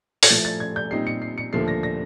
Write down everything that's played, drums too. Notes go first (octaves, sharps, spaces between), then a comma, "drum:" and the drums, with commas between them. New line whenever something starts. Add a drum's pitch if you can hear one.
G#6, drum: open hi-hat
A2 F3 A3 A6
A6
G#6
G6
A#2 G3 C4 D#4 C7
C#7
C7
C#7
D#2 D3 F3 A3 C7
A#6
A#6